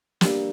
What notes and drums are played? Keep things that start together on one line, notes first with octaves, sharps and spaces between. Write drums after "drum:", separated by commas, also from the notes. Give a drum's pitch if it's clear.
G3 A#3 D4 G4, drum: snare